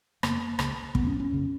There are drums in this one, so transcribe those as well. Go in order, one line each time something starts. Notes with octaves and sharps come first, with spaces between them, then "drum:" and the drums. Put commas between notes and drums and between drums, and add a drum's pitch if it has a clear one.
F#2 C#3 A#3, drum: rim click
C#2 C#3, drum: rim click
D#2 C#3 B3, drum: kick
C#4
C#4
F#2 C#3